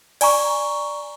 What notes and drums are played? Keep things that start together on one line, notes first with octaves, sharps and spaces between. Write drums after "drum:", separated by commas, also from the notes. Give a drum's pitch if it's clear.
D5 G#5 A#5 C#6, drum: cymbal